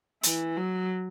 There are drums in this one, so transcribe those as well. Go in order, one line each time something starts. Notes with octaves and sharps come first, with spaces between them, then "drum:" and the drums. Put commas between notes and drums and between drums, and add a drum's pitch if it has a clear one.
E3, drum: hi-hat
F#3